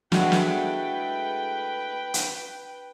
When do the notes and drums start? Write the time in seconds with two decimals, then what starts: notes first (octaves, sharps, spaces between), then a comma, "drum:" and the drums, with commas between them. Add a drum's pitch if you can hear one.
0.12 G#3 A3 D4 E4 F#4 B4 G5, drum: snare
0.32 drum: snare
2.14 drum: hi-hat